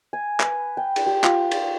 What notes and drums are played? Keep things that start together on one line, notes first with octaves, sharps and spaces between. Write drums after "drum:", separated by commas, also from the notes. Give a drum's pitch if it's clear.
G#5
B4, drum: clap
G5
drum: cymbal
G4
F4, drum: clap
drum: cymbal